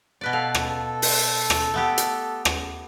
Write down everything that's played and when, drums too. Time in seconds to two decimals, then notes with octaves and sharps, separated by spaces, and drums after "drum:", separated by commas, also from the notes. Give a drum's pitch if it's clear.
0.21 B2 B4 D5
0.33 A4 F5
0.55 drum: rim click
1.02 drum: open hi-hat
1.50 drum: rim click
1.74 A3 B3 G4
1.98 drum: hi-hat
2.45 drum: rim click